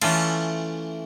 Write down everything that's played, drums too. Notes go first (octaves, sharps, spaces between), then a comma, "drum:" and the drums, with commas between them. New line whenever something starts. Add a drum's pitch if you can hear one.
E3 A3 C#4 F4, drum: cymbal